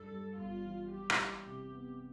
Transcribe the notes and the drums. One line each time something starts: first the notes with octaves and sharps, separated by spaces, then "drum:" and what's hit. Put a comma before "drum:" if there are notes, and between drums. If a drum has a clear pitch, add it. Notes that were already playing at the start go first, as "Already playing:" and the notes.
Already playing: G2 A4
G3
G1 F4
E3
G3 G4
drum: rim click
E4
C3
B3